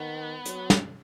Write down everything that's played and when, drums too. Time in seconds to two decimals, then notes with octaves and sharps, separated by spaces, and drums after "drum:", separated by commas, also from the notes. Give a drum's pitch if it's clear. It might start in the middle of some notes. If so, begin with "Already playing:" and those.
Already playing: D#3 B3
0.45 F#3, drum: hi-hat
0.70 drum: snare